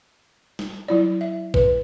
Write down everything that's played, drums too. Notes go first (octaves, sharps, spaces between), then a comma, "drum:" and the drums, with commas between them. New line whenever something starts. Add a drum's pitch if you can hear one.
drum: snare
F#3 E4 D5
E5
B4, drum: kick